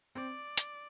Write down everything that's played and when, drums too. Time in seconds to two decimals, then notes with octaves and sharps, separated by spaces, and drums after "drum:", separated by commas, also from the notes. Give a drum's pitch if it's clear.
0.15 C4 D5
0.57 drum: hi-hat